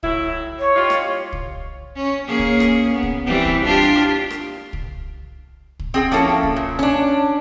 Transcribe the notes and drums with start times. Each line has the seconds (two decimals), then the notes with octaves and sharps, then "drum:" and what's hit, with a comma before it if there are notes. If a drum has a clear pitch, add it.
0.03 A2 F#3 E4, drum: kick
0.59 C#5
0.75 G3 D#4 F4
0.90 drum: rim click
1.33 drum: kick
1.96 C#4
2.27 A#3 C#4 G#4
2.39 drum: kick
2.60 drum: rim click
2.94 B3
3.03 drum: kick
3.26 E3 G3 C4
3.45 drum: kick
3.65 D4 F4 G4
4.30 drum: rim click
4.73 drum: kick
5.79 drum: kick
5.94 C4 G#4 G5
6.12 F3 A#3 C#4 E4 A4 C#5
6.43 drum: kick
6.56 A#2
6.79 C#4 D4